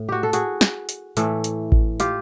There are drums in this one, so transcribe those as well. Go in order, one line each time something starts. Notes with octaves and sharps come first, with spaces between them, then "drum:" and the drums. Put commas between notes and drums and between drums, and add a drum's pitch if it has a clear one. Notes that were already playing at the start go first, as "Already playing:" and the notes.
Already playing: A2
F#4 G4
A4
F#4 G#4, drum: hi-hat
drum: snare
drum: hi-hat
A2 E3 A3, drum: hi-hat
drum: hi-hat
drum: kick G#1
F4 G4, drum: hi-hat